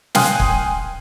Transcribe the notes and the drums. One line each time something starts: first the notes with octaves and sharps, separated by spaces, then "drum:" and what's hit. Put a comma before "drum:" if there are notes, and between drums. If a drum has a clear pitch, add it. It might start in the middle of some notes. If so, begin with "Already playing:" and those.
F5 G5 G#5 C6 D#6 F#6, drum: snare
drum: kick